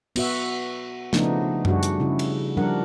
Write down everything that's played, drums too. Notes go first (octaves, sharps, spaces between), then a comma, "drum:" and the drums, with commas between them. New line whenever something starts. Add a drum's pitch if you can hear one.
B3 F#4 E5, drum: cymbal
C#3 F3 A3 B3 D4 D#4, drum: snare
G3 D4 F#4 G#4, drum: tom F#2
drum: hi-hat
C#3 E4
drum: cymbal
F3 G3 D4 A#4 F#5